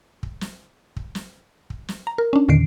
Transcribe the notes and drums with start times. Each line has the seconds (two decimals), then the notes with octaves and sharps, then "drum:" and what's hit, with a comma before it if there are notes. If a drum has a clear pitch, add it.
0.23 drum: kick
0.41 drum: snare
0.96 drum: kick
1.15 drum: snare
1.70 drum: kick
1.88 drum: snare
2.07 A#5
2.18 A#4
2.33 C#4 D4
2.49 E2 A#2 D3 D#3 C7 D7